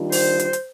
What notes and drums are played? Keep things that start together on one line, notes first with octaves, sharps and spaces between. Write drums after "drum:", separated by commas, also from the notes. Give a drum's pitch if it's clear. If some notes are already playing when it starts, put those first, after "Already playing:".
Already playing: D#3 G3 D4 F4
C5, drum: open hi-hat
drum: hi-hat
drum: hi-hat